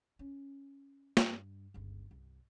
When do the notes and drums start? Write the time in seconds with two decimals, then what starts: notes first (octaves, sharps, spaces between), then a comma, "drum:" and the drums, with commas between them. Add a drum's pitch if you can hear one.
0.19 C#4
1.17 G2, drum: snare
1.74 G1 C#2
2.11 C2